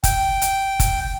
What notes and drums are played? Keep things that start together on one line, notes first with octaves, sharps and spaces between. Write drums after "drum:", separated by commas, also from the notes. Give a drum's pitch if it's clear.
G5, drum: kick F#1, hi-hat
drum: hi-hat
drum: kick F#1, hi-hat